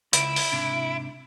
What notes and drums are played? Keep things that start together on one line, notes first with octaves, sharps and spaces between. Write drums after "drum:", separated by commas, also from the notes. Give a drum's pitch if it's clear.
C#2 E4 D7, drum: hi-hat
drum: open hi-hat
G#2 C3 D4